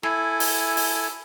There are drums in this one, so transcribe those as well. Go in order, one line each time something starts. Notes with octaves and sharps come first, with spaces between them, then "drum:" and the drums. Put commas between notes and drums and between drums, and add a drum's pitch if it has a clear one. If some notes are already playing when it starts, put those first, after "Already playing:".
E4 A4 G#5, drum: snare
drum: open hi-hat
drum: open hi-hat